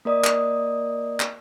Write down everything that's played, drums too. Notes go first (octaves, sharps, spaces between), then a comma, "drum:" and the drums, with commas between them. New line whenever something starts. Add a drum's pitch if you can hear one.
A#3 A#4 D5 D#5 D#6
drum: clap
drum: clap